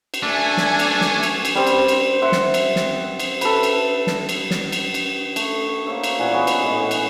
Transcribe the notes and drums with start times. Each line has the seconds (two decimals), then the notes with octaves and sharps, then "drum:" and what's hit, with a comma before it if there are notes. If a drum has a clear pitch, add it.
0.14 drum: cymbal
0.23 A3 D4 G#5
0.57 drum: snare
0.79 drum: cymbal
1.01 drum: snare
1.23 drum: cymbal
1.45 drum: cymbal
1.55 G3 C4
1.67 drum: cymbal
1.88 drum: cymbal
2.22 E5 F#5 C6
2.32 drum: snare
2.54 drum: cymbal
2.76 drum: snare
3.19 drum: cymbal
3.41 A4 B4, drum: cymbal
3.63 drum: cymbal
4.07 drum: snare
4.29 drum: cymbal
4.51 drum: snare
4.72 drum: cymbal
4.94 drum: cymbal
5.36 A3, drum: cymbal
5.86 A#3 C5 C#5 E5
6.04 drum: cymbal
6.19 A#2 E3 F#5 G#5
6.33 B3 F#4 G#4 D#5
6.47 drum: cymbal
6.63 A2 E3 G#3
6.91 drum: cymbal